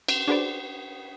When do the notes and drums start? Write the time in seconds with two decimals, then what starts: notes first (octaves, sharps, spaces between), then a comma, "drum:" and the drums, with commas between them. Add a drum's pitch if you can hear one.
0.09 drum: cymbal
0.28 D4 F#4 G#4 B4 C5 D5